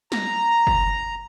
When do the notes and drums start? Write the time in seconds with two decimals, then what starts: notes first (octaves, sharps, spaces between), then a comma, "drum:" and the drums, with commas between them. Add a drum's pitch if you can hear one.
0.12 A#5, drum: snare
0.67 drum: kick F#1